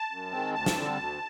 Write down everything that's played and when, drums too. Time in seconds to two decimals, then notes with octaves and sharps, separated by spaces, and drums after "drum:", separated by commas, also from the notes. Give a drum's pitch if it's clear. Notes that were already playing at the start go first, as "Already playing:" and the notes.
Already playing: A5
0.12 F#2
0.32 D#3 G#3 C4
0.55 D2 A5
0.66 drum: snare
0.75 D3 G3 C4
0.97 D2